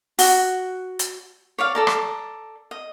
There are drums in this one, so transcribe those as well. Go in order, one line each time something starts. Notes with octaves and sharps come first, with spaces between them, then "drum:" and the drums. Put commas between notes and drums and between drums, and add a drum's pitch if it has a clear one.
F#4, drum: open hi-hat
drum: hi-hat
C#5 D5 F5
A4 D5 A#5
drum: rim click
D#5